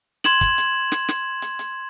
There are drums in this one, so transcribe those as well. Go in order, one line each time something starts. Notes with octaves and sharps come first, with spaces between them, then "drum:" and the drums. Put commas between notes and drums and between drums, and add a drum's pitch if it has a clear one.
C6 G#6 E7 F#7, drum: snare
drum: kick, hi-hat
drum: hi-hat
drum: snare
drum: snare
drum: hi-hat
drum: hi-hat